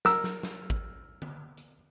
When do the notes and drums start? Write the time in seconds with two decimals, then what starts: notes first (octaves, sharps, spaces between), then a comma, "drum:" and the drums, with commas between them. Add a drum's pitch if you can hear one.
0.05 A#4 E6, drum: snare
0.24 drum: snare
0.43 drum: snare
0.70 drum: kick G#1
1.22 drum: tom D3
1.57 drum: hi-hat